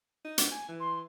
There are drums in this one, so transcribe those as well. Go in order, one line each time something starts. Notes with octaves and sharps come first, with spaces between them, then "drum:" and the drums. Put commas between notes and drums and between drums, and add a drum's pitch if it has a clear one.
D#4
drum: hi-hat
G#5
E3
C6